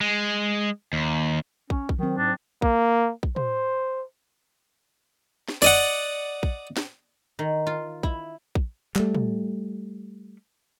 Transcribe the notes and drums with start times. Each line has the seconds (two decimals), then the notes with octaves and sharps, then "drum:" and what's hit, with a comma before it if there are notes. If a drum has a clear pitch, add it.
0.01 G#3
0.93 D#2
1.70 C#4, drum: kick
1.89 drum: kick
1.99 D#3 F#3 C4
2.18 G#2 D4
2.62 A#3, drum: kick
3.23 drum: kick
3.36 C5, drum: tom
5.49 drum: snare
5.62 D5 D#5 F#5, drum: snare
6.43 drum: kick
6.77 drum: snare
7.39 D#3
7.67 F4
8.03 E4, drum: kick
8.55 drum: kick
8.95 G3 A3, drum: clap
9.15 drum: tom